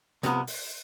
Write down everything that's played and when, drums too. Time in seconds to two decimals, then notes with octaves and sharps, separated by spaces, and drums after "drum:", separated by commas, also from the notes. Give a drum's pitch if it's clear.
0.23 C2 C3 F3 B3, drum: hi-hat
0.47 drum: open hi-hat